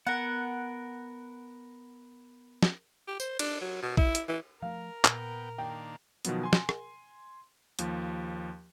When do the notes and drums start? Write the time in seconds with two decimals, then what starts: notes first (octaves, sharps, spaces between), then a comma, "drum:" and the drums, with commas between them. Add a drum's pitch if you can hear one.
0.07 B3 A#4 F#5
2.63 drum: snare
3.08 G4
3.20 C5, drum: tambourine
3.39 D4, drum: cymbal
3.61 F#3
3.82 B2
3.97 E4, drum: kick A#1
4.15 drum: hi-hat
4.28 E3
4.62 F3 A3 A#4 F5
5.05 A#2 B3 G5, drum: clap
5.58 D#3 A#3 D4 G5
6.25 B2 D#3 F3 F#3 B3, drum: hi-hat
6.43 G#5 C6
6.53 drum: snare
6.69 drum: rim click
7.79 D#2 F3, drum: hi-hat